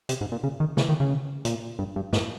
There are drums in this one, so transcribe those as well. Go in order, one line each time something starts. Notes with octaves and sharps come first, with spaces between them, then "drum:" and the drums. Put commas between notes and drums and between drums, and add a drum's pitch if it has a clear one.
C3, drum: hi-hat
G#2
A#2
C#3
D#3
C#3, drum: snare
D#3
C#3
A#2, drum: hi-hat
G2
G2
G#2, drum: snare